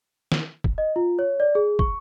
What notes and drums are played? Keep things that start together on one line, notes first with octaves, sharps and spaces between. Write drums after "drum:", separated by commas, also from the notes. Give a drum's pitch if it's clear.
drum: snare
drum: kick
D#5
F4
C#5
D5
G#4
C#6, drum: kick